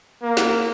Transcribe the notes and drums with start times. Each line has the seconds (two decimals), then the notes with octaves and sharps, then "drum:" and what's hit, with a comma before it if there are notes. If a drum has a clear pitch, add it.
0.23 A#3
0.37 drum: snare